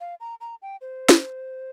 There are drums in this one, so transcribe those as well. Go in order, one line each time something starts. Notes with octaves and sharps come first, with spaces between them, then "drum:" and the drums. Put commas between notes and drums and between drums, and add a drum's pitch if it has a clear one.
F5
A#5
A#5
G5
C5
drum: snare